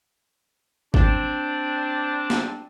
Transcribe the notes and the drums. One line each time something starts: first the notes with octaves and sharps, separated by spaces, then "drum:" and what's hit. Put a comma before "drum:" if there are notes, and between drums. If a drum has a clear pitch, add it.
C4 D4, drum: kick
drum: snare